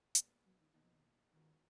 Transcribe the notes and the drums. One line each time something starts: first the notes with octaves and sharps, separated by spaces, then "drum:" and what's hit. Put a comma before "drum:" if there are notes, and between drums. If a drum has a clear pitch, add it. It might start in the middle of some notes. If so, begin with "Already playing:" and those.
A#2 G#3 B3, drum: hi-hat
F#3
D#3
B2 D#3 A#3 D#4
F3
D#3
G#2 D#3 F3 B3 F#4 A#4